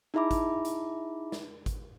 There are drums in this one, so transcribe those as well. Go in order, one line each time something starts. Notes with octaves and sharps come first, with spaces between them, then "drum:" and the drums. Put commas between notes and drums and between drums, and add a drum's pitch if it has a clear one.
D#4 E4 G#4 E5 B5 D6
drum: kick G#1, hi-hat
drum: hi-hat
drum: snare
drum: kick G#1, hi-hat